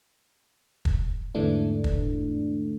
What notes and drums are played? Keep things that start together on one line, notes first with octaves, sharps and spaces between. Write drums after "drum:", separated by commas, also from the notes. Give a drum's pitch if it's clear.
drum: kick
E2 G#2 D3 E3 A3 D4
drum: kick